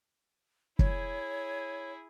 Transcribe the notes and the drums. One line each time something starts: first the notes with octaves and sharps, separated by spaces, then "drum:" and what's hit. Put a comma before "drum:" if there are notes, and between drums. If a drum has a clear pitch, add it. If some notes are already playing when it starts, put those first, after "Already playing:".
E4 G#4 C#5, drum: kick